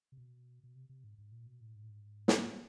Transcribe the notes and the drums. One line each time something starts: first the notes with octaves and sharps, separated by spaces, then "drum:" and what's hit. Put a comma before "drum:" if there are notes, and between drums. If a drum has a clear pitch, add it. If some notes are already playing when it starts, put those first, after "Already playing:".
C3
B2
B2
C3
C3
G#2
G#2
A#2
B2
A2
G#2
A2
G#2
drum: snare